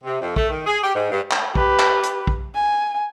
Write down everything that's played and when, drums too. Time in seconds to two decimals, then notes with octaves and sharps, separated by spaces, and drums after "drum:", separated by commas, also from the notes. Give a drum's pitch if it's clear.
0.04 C3
0.21 F2
0.36 A3, drum: kick
0.50 D#3
0.66 G#4
0.83 G4
0.95 G#2
1.11 G2
1.31 drum: clap
1.55 G4 B4, drum: kick
1.79 drum: clap
2.03 drum: hi-hat
2.27 drum: kick
2.55 G#5